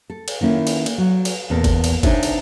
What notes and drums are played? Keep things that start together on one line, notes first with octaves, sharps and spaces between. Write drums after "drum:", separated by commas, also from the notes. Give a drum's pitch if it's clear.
A4
drum: cymbal
D#3 A#3 C#4 E4
drum: cymbal
drum: cymbal
F#3
drum: cymbal
E2 A#2 B3 A4 A#4
drum: kick, cymbal
drum: cymbal
C3 D4 D#4 C#5 E5 G#5, drum: kick, cymbal
drum: cymbal